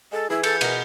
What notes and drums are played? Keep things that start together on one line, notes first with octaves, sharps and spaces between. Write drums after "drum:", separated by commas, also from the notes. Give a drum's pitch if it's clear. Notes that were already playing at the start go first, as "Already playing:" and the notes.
G#3 A4
E3 E4 G#4
A4 G6 C#7, drum: cymbal
B2 A#4, drum: cymbal